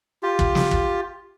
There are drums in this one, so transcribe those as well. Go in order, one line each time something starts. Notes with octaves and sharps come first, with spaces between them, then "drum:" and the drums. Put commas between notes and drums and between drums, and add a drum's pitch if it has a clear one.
F4 G4
drum: kick
drum: snare
drum: kick